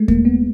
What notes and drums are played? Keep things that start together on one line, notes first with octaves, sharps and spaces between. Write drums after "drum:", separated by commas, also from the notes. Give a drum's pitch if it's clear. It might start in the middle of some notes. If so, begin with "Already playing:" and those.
Already playing: G#3 A3
A#3, drum: kick D#2
B3